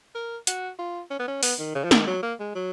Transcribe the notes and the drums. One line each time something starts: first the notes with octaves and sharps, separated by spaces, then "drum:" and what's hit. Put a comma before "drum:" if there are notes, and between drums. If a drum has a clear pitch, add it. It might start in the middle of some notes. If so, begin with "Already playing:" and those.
A#4
F#4, drum: hi-hat
F4
C#4
B3
C#4
B3, drum: open hi-hat
D#3
C#3
F3
D#3, drum: snare
F#3
A#3
G#3
F#3